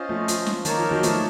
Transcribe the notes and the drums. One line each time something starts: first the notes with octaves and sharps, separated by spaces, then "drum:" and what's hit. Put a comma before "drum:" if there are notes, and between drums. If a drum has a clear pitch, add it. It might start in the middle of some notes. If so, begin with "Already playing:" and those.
Already playing: C#4 F4 C5 D#5
F3 A3
F3, drum: hi-hat
drum: snare
D#3 A#3 D#4 A#4 C#5 A5, drum: hi-hat
F3
D#3 F#3
F3 A3, drum: hi-hat